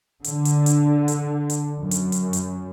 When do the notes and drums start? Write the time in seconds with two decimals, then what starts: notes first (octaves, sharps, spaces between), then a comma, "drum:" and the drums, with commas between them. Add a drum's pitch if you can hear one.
0.24 D3, drum: hi-hat
0.45 drum: hi-hat
0.66 drum: hi-hat
1.08 drum: hi-hat
1.50 drum: hi-hat
1.78 F#2
1.91 drum: hi-hat
2.12 drum: hi-hat
2.33 drum: hi-hat